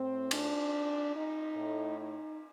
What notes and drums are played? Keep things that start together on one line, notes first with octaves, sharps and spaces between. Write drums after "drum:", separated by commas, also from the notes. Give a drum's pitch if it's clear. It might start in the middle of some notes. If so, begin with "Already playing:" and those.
Already playing: A2 C4
D4, drum: cymbal
D#4
A2
D#4